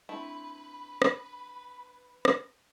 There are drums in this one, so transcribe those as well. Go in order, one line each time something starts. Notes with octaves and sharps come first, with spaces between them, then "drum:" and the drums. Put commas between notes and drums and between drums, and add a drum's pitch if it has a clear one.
A3 C4 D4 E4 B4 B5
drum: rim click
drum: rim click